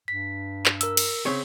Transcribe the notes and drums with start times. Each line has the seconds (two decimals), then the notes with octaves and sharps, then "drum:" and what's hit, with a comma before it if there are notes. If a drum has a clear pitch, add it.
0.08 G2 B6
0.66 drum: clap
0.81 A#4 E6, drum: hi-hat
0.97 drum: cymbal
1.26 C#3 C4 C#5